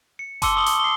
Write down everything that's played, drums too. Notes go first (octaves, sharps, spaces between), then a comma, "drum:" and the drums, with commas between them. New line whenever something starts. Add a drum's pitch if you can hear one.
C#7
A5 C6 D6 E6 C#7 G7, drum: kick F#1, hi-hat
C#6 D#6 F#7 G7
drum: hi-hat
C7 G7